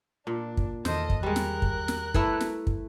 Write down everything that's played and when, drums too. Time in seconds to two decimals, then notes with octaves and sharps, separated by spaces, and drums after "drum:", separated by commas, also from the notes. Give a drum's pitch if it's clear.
0.27 A#2 D4
0.57 drum: kick
0.85 E2 D#3 A4 C5 D#5, drum: snare
1.10 drum: kick
1.23 G3 G#3 A#4 F#6
1.36 drum: snare
1.62 drum: kick
1.88 drum: snare
2.14 A3 E4 B4, drum: kick
2.41 drum: snare
2.67 drum: kick